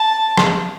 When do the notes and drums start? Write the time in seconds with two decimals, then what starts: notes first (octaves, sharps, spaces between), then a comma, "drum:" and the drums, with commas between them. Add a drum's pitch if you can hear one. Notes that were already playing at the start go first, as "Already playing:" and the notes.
Already playing: A5
0.37 drum: rim click